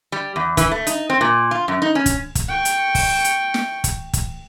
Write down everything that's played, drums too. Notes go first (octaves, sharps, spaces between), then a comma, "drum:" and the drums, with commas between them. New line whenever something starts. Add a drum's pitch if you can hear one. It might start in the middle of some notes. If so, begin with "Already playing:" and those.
G3
E2
E3, drum: kick, hi-hat
A3
D#4, drum: hi-hat
C4
A#2
F4
F#2
D#4
C#4
drum: kick, hi-hat
drum: kick, hi-hat
G5 C#6
drum: hi-hat
drum: kick, open hi-hat
drum: hi-hat
drum: snare
drum: kick, hi-hat
drum: kick, hi-hat